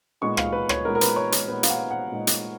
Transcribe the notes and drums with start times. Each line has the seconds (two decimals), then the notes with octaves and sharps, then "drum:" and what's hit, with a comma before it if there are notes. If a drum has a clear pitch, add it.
0.21 A#2 G#3 B3 D#4 C#6
0.37 F5, drum: rim click
0.52 B4
0.69 C#5, drum: rim click
0.84 A#2 G#3 B3 D#4 A#4
0.95 A#4
1.01 B4, drum: hi-hat
1.16 C#5
1.32 C#5, drum: hi-hat
1.48 A#2 G#3 B3 D#4 B4
1.63 F5, drum: hi-hat
1.69 F#5
1.91 F#5
2.12 A#2 G#3 B3 D#4
2.27 drum: hi-hat